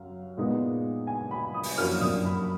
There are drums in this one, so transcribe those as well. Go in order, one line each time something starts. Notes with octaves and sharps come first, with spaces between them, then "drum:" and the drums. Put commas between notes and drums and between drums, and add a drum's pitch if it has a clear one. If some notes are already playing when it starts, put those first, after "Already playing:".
Already playing: F#2 F5
A#2 G#3 B3 D#4
G#5
B5
D#6
drum: open hi-hat
F#2 F3 A#3 D4 F6
D#6, drum: tom
B5